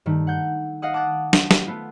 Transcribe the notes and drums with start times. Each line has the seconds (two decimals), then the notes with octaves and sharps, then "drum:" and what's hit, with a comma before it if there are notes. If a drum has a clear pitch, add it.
0.06 G2 D#3 A3
0.27 F#5 G6
0.82 D#5 F5 F#5 D#6
0.93 A5 D6 D#6 F#6 A6
1.33 drum: snare
1.51 drum: snare
1.67 A3 B3 F4